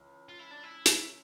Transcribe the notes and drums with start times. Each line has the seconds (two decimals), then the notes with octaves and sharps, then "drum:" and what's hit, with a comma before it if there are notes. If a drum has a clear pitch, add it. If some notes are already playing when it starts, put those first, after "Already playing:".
Already playing: C#2 C#3 E3
0.29 F4
0.39 E4
0.51 D4
0.63 E4
0.86 drum: hi-hat